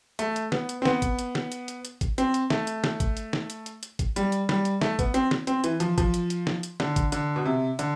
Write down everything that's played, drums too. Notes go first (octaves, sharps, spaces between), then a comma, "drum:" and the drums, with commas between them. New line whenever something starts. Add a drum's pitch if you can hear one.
A3, drum: hi-hat
drum: hi-hat
B3, drum: snare
drum: hi-hat
C4
B3, drum: snare
drum: kick, hi-hat
drum: hi-hat
drum: snare
drum: hi-hat
drum: hi-hat
drum: hi-hat
drum: kick, hi-hat
C4, drum: hi-hat
drum: hi-hat
A3, drum: snare
drum: hi-hat
drum: snare
drum: kick, hi-hat
drum: hi-hat
drum: snare
drum: hi-hat
drum: hi-hat
drum: hi-hat
drum: kick, hi-hat
G3, drum: hi-hat
drum: hi-hat
G3, drum: snare
drum: hi-hat
A3, drum: snare
B3, drum: kick, hi-hat
C4, drum: hi-hat
drum: snare
C4, drum: hi-hat
E3, drum: hi-hat
F3, drum: hi-hat
F3, drum: kick, hi-hat
drum: hi-hat
drum: hi-hat
drum: snare
drum: hi-hat
D3, drum: snare
drum: kick, hi-hat
D3, drum: hi-hat
B2
C3
D3, drum: hi-hat